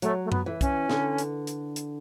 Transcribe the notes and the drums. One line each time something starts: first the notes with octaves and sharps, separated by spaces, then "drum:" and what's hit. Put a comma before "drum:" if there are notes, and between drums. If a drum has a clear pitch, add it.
F#3 A3, drum: hi-hat
A3
B3, drum: tom F#2
E3
C#4, drum: kick, hi-hat
D3, drum: snare
drum: hi-hat
drum: hi-hat
drum: hi-hat